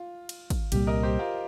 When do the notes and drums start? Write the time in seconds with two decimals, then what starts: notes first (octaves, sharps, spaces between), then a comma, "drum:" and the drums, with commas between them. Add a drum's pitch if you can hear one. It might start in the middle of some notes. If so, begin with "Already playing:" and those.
Already playing: F4
0.29 drum: cymbal
0.50 drum: kick, cymbal
0.72 C2 A#2 G3 G4, drum: cymbal
0.87 A#4 D#5
1.03 G4 C5
1.19 F4 A#4